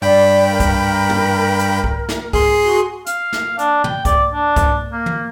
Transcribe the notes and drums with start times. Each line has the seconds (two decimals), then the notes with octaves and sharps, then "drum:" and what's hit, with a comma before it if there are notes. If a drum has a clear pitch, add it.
0.02 G2 D5 G5 B5
0.51 A#4
0.60 drum: kick C2, hi-hat
1.09 drum: tom
1.59 drum: hi-hat
1.84 drum: kick C2
2.09 drum: snare
2.33 G#4 C6, drum: kick C2
2.64 F#4
3.06 F5, drum: hi-hat
3.33 drum: snare
3.59 D4, drum: hi-hat
3.84 G5, drum: tom
4.05 D5, drum: kick C2, hi-hat
4.33 D4
4.56 drum: kick C2, hi-hat
4.92 A#3
5.06 drum: tom